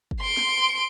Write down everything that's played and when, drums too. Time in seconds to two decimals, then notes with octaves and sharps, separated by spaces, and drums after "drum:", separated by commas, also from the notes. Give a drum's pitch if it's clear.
0.11 drum: kick
0.21 C6 D7
0.37 drum: snare